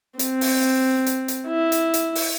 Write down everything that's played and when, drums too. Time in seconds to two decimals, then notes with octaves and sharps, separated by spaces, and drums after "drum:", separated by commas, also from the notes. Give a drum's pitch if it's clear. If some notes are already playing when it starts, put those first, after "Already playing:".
0.19 C4, drum: hi-hat
0.41 drum: open hi-hat
1.06 drum: hi-hat
1.28 drum: hi-hat
1.47 E4
1.72 drum: hi-hat
1.94 drum: hi-hat
2.15 drum: open hi-hat